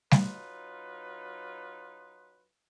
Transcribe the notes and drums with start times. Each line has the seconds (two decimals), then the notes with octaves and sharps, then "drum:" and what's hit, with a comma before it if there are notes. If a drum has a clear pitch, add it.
0.11 F#3 D#4 F4 B4, drum: snare G3